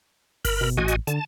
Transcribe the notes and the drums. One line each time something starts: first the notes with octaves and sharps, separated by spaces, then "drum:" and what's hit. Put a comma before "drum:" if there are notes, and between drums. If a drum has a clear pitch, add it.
A#4 B5, drum: kick G1, open hi-hat
B2
A1 F#4 D#5 G#5
drum: hi-hat
D3 A5, drum: hi-hat